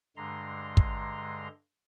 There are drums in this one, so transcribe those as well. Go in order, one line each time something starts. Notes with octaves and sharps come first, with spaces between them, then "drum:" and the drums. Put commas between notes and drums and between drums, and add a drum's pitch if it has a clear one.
G2 D3 G#3 A#5 C6
drum: kick